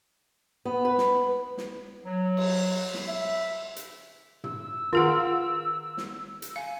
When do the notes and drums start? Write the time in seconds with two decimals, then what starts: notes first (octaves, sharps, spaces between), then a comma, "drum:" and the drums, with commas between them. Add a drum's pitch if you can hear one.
0.65 B3
0.85 B4
0.98 drum: snare
1.57 drum: snare
2.05 F#3
2.37 drum: cymbal
2.94 drum: snare
3.07 E5
3.76 drum: hi-hat
4.44 E6, drum: tom
4.93 D#3 F4 G#4 A#4 F#5
5.97 drum: snare
6.42 drum: hi-hat
6.56 F5 G#5